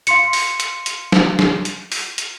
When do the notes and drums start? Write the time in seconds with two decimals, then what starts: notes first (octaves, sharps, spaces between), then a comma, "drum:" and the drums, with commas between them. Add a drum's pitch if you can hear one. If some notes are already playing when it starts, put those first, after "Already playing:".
0.07 F5 C6 C#7, drum: hi-hat
0.33 drum: open hi-hat
0.60 drum: hi-hat
0.86 drum: hi-hat
1.12 drum: snare
1.39 drum: snare
1.65 drum: hi-hat
1.92 drum: open hi-hat
2.18 drum: hi-hat